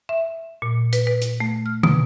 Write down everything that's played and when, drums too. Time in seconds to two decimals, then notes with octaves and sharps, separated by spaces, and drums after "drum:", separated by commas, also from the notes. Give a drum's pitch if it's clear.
0.09 E5
0.62 A#2
0.93 B4, drum: hi-hat
1.07 B4
1.22 drum: hi-hat
1.40 A3
1.66 F6
1.83 B2, drum: tom